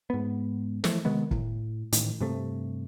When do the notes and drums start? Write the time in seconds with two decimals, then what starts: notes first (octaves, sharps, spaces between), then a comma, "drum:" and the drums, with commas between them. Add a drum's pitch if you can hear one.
0.10 G#2 B3
0.84 E3 F3 A3, drum: snare
1.05 C3 D#3 G#3 B3
1.31 A2, drum: kick
1.93 A1 A2 D#3, drum: hi-hat
2.20 G2 C3 A3